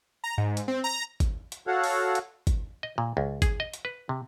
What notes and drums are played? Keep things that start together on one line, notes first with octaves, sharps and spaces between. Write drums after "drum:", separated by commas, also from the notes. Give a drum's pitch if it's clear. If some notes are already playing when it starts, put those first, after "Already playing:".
A#5
G#2
drum: hi-hat
C4
A#5
drum: kick G#1, hi-hat
drum: hi-hat
F#4 A4 C#5 F5 F#5
drum: open hi-hat
drum: hi-hat
drum: kick G#1, hi-hat
D#5
A#2
C#2
G#4, drum: kick G#1, hi-hat
D#5
drum: hi-hat
B4
C3